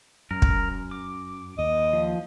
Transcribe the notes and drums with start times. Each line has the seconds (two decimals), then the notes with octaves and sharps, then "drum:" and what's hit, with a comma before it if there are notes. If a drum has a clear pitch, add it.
0.31 F#2 A#4
0.42 drum: kick
0.91 D6
1.58 D#2 D#5
1.93 F3